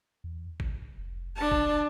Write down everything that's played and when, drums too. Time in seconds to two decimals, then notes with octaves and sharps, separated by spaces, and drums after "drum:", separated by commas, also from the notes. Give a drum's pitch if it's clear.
0.24 E2
0.60 G#1, drum: kick G#1
0.98 F1
1.37 D4 A5
1.51 drum: kick G#1